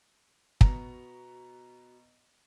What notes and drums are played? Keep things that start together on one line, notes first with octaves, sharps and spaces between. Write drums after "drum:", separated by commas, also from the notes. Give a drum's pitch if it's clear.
B2 B3 F#4 A#5, drum: kick